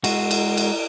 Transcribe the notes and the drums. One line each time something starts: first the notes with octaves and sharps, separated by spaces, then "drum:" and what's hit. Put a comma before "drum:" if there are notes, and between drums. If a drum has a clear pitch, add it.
G#3 F#4, drum: cymbal
drum: cymbal
drum: cymbal